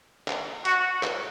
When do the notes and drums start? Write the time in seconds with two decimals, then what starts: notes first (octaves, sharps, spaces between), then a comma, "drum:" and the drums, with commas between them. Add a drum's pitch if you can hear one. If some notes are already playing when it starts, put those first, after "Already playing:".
0.28 drum: clap
0.65 F#4, drum: hi-hat
1.03 drum: clap